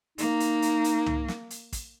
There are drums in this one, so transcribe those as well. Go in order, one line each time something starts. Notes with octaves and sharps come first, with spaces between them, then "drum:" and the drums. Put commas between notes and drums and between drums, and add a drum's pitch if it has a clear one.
A#3 D#4, drum: hi-hat
drum: hi-hat
drum: hi-hat
drum: hi-hat
drum: tom
drum: snare
drum: hi-hat
drum: kick, hi-hat